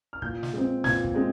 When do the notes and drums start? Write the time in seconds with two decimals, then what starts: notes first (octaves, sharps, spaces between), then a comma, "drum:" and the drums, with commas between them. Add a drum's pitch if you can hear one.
0.13 F6
0.22 A#2 G6, drum: kick
0.43 drum: snare
0.53 G#3 C4
0.84 A#2 G#6, drum: snare
1.04 drum: kick
1.15 G#3 C4